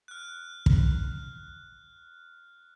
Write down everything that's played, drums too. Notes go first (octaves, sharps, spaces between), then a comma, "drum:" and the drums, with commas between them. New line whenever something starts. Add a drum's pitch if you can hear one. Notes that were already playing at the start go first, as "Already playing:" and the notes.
F6 F#6
drum: kick